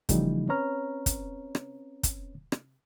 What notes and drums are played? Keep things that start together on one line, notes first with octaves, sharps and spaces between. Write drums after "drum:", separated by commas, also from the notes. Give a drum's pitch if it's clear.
C#3 E3 F3 G3 A3 D#4, drum: kick, hi-hat
C4 C#4 B4 C#5 A#5 F6
drum: kick, hi-hat
drum: rim click
drum: kick, hi-hat
drum: rim click